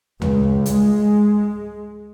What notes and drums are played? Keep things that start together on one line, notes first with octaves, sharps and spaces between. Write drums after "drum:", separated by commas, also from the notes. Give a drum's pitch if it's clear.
C#2, drum: tom D2
G#3, drum: hi-hat